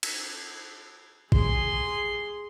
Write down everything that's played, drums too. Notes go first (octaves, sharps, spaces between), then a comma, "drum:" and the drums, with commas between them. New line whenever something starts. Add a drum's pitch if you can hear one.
drum: cymbal
G#4 C6, drum: kick A1